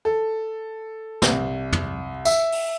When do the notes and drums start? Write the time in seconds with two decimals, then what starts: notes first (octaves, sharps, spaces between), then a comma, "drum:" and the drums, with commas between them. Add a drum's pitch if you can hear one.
0.05 A4
1.22 C2, drum: snare
1.72 drum: tom
2.25 E5, drum: tambourine
2.52 drum: open hi-hat